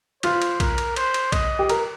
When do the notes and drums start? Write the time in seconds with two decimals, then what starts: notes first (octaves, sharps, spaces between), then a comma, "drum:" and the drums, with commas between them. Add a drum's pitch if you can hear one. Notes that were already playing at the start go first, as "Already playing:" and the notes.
0.23 F4 C5, drum: cymbal
0.42 drum: cymbal
0.60 A#4, drum: kick B1, cymbal
0.78 drum: cymbal
0.96 C5, drum: cymbal
1.14 drum: cymbal
1.32 D#5, drum: kick B1, cymbal
1.59 G4
1.69 A#4, drum: cymbal